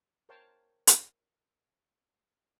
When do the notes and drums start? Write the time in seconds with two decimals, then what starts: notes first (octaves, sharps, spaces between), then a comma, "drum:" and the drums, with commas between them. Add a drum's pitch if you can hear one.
0.29 A#4 C5 C#5 F5 G5 A5
0.87 drum: hi-hat